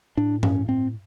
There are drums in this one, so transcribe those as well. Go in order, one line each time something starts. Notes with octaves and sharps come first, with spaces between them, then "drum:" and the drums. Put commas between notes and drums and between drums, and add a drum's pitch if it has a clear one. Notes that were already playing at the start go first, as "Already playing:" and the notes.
A2 D4
C#4, drum: tom G2
C4